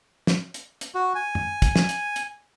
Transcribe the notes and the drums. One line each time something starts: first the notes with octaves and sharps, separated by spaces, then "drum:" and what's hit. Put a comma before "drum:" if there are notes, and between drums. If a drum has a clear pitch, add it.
drum: snare
drum: hi-hat
drum: hi-hat
F#4
G#5
drum: tom F#2
drum: kick, hi-hat
drum: snare
drum: hi-hat
drum: hi-hat